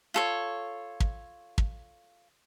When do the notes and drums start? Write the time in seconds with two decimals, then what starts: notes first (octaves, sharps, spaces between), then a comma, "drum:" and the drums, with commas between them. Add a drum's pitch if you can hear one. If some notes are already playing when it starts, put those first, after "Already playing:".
0.14 F4 A4 C#5
1.00 drum: kick
1.58 drum: kick